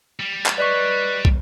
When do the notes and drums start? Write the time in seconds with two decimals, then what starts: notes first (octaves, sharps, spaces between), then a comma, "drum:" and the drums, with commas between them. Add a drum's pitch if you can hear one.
0.20 G3
0.46 drum: clap
0.58 B4 D5 D#5 C#6
1.25 drum: kick